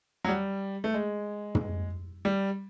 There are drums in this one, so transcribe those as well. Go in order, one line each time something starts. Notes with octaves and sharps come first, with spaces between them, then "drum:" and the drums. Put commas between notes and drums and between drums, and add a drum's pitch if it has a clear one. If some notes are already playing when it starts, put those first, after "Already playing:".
F#3
G3
A3
G#3
drum: tom
G3